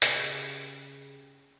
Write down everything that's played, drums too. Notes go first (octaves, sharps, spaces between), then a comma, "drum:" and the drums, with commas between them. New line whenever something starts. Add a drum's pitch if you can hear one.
C#3 G4, drum: hi-hat